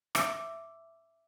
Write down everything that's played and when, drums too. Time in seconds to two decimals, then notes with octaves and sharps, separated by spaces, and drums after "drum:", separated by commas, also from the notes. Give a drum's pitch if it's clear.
0.15 E5 D6 E6, drum: rim click